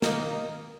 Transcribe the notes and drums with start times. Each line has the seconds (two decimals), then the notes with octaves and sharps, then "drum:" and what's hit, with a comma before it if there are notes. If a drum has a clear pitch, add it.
0.02 D#3 A#3 D#4 A#4, drum: snare